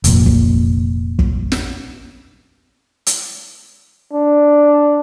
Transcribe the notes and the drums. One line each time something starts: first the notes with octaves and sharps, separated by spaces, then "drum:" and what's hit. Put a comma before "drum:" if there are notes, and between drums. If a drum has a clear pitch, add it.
F1 A#2, drum: hi-hat
drum: kick
drum: kick
drum: snare
drum: hi-hat
D4